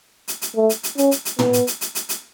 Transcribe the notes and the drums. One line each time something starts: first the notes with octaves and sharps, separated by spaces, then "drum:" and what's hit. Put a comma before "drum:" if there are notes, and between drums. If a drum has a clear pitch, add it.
drum: hi-hat
drum: hi-hat
A3
drum: hi-hat
drum: hi-hat
C#4, drum: hi-hat
drum: hi-hat
drum: hi-hat
B3, drum: tom
drum: hi-hat
drum: hi-hat
drum: hi-hat
drum: hi-hat
drum: hi-hat